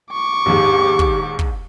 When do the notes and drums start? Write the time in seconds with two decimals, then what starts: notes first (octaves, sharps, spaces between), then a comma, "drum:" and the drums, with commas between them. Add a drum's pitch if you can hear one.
0.13 C#6 D6
0.46 A#1 D#2 G#2 G4
0.99 drum: kick
1.39 drum: kick